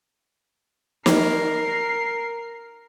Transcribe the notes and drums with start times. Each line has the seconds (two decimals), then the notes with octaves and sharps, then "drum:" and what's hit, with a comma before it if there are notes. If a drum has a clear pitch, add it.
1.06 A#4 C7, drum: snare